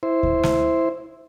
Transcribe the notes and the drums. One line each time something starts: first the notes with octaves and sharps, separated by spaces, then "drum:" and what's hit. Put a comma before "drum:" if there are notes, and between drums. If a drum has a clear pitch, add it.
E4 C5
drum: kick D2
drum: snare